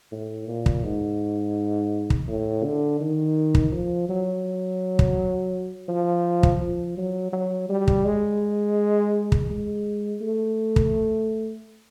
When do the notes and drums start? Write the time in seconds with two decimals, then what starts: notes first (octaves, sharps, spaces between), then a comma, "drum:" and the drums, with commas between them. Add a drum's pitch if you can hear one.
0.12 A2
0.48 A#2
0.66 drum: kick
0.83 G#2
2.10 drum: kick
2.28 A2
2.64 D3
3.00 D#3
3.55 drum: kick
3.72 F3
4.09 F#3
4.99 drum: kick
5.88 F3
6.43 drum: kick
6.61 F3
6.97 F#3
7.33 F#3
7.69 G3
7.88 drum: kick
8.05 G#3
9.32 drum: kick
9.50 G#3
10.21 A3
10.76 drum: kick